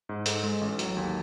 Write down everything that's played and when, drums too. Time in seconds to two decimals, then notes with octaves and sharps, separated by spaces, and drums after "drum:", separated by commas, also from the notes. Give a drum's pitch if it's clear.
0.09 G#2
0.26 G#2 A4, drum: hi-hat
0.43 G#3
0.61 A1
0.79 F#3, drum: hi-hat
0.97 D#2